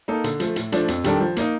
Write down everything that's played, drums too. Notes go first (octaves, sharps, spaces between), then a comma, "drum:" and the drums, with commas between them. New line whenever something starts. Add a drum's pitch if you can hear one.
A#3 D#4 A4
D3, drum: hi-hat
F3 A3, drum: hi-hat
A2, drum: hi-hat
F3 A3 D4, drum: hi-hat
F2, drum: hi-hat
D#3 G3 D4 A4, drum: hi-hat
F3
A#3 D#4, drum: hi-hat